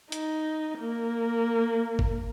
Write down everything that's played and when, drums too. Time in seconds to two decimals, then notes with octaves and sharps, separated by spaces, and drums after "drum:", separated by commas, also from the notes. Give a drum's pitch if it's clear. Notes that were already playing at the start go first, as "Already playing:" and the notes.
0.12 D#4, drum: hi-hat
0.79 A#3
1.99 drum: kick G1